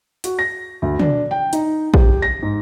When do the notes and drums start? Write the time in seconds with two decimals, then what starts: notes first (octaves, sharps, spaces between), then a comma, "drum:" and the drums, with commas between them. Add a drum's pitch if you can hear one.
0.24 F#4, drum: hi-hat
0.39 A#6
0.82 D2
0.99 D4, drum: tom
1.31 G5
1.53 D#4, drum: hi-hat
1.94 G4, drum: kick A1
2.22 A#6
2.42 G#2